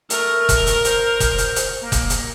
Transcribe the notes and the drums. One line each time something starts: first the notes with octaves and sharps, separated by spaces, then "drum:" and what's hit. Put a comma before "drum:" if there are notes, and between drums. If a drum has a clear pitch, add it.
A3 A#4, drum: hi-hat
drum: kick F1, hi-hat
drum: hi-hat
C5, drum: hi-hat
drum: kick F1, hi-hat
drum: hi-hat
drum: hi-hat
A#3
drum: kick F1, hi-hat
drum: hi-hat